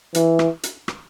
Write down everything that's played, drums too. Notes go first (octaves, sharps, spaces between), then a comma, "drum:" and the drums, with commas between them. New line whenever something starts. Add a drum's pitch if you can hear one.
E3, drum: hi-hat
drum: rim click
drum: hi-hat
drum: rim click